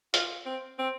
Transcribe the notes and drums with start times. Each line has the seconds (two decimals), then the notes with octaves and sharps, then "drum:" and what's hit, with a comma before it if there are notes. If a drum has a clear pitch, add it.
0.14 F4, drum: hi-hat
0.46 C4
0.79 C4